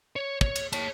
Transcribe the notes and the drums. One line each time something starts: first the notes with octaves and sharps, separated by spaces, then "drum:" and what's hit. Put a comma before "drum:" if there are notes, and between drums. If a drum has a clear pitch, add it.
C#5
C#5, drum: kick
drum: cymbal
C#5 A5, drum: cymbal